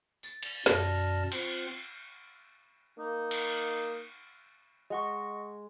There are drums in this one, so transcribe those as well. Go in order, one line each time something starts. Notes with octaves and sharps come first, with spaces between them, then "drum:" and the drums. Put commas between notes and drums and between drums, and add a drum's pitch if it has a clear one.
A6, drum: tambourine
drum: cymbal
F#2 B2 D5 A5 F6 A#6, drum: snare
C4 F4 C5, drum: cymbal
A#3 D#4
drum: cymbal
G#3 D#5 F#5 C#6